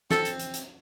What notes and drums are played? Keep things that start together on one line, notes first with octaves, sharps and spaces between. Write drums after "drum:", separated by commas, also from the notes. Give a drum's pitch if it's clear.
C4 A4, drum: snare
drum: hi-hat
drum: hi-hat
drum: hi-hat